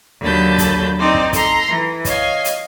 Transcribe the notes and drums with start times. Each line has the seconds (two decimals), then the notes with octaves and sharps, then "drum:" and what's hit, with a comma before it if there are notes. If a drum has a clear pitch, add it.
0.21 D#2 D3 F#3 A5 B5 G6
0.58 drum: kick, hi-hat
0.99 C4 D#4 C5 D5
1.14 drum: kick
1.33 A4 A#5 C6 A#6, drum: kick, hi-hat
1.69 E3
2.05 C#5 D#5 F5 G#5, drum: kick, hi-hat
2.45 drum: hi-hat